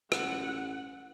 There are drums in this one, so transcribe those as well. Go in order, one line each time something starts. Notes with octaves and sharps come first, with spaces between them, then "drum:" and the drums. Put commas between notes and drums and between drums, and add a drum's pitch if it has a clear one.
A1 F#5, drum: rim click